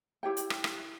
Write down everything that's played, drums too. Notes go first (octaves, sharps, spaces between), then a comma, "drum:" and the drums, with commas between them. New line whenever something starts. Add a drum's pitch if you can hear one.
E4 G4 C#5 G5
drum: hi-hat
drum: rim click
drum: rim click